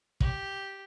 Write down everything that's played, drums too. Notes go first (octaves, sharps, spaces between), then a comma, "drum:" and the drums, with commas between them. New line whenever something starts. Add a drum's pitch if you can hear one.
G4, drum: kick